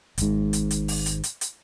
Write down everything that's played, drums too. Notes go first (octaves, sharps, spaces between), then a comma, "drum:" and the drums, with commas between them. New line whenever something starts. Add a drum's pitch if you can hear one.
G#1 G#2, drum: hi-hat
drum: hi-hat
drum: hi-hat
drum: open hi-hat
drum: hi-hat
drum: hi-hat
drum: hi-hat